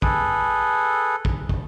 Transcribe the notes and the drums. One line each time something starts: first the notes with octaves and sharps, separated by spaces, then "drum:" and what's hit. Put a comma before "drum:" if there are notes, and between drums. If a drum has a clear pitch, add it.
G#4 A4 B4, drum: kick
drum: kick
drum: kick